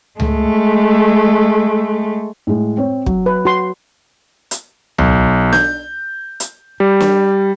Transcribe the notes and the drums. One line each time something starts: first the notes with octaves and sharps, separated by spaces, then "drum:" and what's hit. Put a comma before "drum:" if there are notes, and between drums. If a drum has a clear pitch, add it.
G#3 A3, drum: tom C#2
A2 G#3
C4 C#5
F#3, drum: kick
B4
F#4 C6
drum: hi-hat
B1, drum: tom C#2
G6, drum: snare
drum: hi-hat
G3
drum: snare